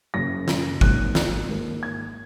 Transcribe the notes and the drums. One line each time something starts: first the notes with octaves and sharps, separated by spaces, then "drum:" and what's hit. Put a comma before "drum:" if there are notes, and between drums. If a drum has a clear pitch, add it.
F#1 F#2 C#3 A#6
drum: snare
G#1 G#2 F#3 A#3 F#6, drum: kick
drum: snare
G#2 D#3 A#3
G#6